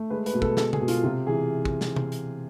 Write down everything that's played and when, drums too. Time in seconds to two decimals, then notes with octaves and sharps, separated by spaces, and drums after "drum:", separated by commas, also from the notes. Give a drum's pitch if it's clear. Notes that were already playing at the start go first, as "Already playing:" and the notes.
Already playing: A3
0.10 G#3 B4
0.26 B4, drum: hi-hat
0.34 B2
0.42 A4, drum: kick
0.57 G#3 A4, drum: snare
0.73 G#4, drum: tom C#3
0.81 B2
0.88 F4, drum: hi-hat
1.03 C3 F4
1.27 E3 G#4
1.65 drum: kick
1.81 drum: snare
1.96 drum: tom C3
2.12 drum: hi-hat